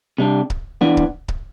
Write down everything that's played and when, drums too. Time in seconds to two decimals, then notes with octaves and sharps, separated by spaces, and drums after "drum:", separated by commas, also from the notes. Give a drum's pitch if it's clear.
0.18 C3 G3 D4
0.50 drum: kick C#1
0.81 E3 B3 D4
0.97 drum: kick C#1
1.28 drum: kick C#1